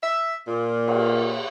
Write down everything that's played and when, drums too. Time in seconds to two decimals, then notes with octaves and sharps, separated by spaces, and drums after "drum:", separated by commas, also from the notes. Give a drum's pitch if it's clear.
0.02 E5
0.46 A#2
0.88 drum: cymbal